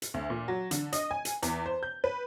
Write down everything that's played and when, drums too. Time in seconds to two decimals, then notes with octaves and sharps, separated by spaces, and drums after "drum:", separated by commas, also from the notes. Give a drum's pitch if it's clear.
0.02 drum: hi-hat
0.14 D2
0.30 A#2
0.48 F#3
0.71 D3, drum: hi-hat
0.93 D#5, drum: hi-hat
1.11 G#5
1.25 drum: hi-hat
1.43 E2, drum: hi-hat
1.66 C5
1.83 G6
2.04 B4